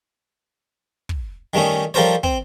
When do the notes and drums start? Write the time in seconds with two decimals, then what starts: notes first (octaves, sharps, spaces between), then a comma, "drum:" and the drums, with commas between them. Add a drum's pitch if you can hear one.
1.09 drum: kick
1.54 D#3 G3 A3 C#4 D#4
1.94 F3 G3 A4 A#4 C5 C#5
2.23 C4, drum: kick